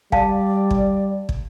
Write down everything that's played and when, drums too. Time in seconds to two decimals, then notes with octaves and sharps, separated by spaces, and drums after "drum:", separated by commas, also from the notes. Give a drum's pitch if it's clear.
0.12 G3 D5 F5 A5, drum: kick
0.71 drum: kick
1.29 drum: kick